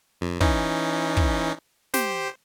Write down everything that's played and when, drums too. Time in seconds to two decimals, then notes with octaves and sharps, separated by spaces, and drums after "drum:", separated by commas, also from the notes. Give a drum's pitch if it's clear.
0.21 F2
0.41 E3 C#4 D#4, drum: kick
1.17 drum: kick
1.94 G4 C5, drum: snare